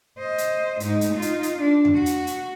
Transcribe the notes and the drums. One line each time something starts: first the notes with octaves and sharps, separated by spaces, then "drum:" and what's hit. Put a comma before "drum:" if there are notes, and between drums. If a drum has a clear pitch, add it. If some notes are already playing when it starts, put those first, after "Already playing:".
C5 D#5
drum: hi-hat
G#2 D#4, drum: hi-hat
drum: hi-hat
D#4 F4
drum: hi-hat
drum: hi-hat
D4
drum: tom E2
F#4
drum: hi-hat
drum: hi-hat